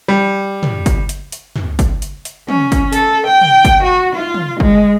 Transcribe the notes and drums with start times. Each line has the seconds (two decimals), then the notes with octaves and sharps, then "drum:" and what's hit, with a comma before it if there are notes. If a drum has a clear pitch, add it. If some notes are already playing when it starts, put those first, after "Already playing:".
0.08 G3
0.63 drum: tom
0.86 drum: kick G1, hi-hat
1.09 drum: hi-hat
1.32 drum: hi-hat
1.56 drum: tom
1.79 drum: kick G1, hi-hat
2.02 drum: hi-hat
2.25 drum: hi-hat
2.49 C#4, drum: tom
2.72 drum: kick G1, hi-hat
2.93 A4, drum: hi-hat
3.27 G5
3.41 drum: tom
3.65 drum: kick G1, hi-hat
3.83 F#4
4.15 F4
4.34 drum: tom
4.60 G#3, drum: kick G1